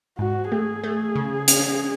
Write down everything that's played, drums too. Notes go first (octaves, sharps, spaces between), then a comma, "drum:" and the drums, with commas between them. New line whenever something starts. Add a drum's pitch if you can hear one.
G#2 F#4
A3 G#4
A3
C#3
C#4, drum: hi-hat